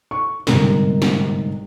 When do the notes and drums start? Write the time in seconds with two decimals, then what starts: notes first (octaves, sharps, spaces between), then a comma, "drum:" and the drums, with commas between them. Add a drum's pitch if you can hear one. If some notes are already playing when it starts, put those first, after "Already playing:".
0.11 C#6
0.47 G1 G#2 C3 D#4 A#4, drum: snare
1.02 drum: snare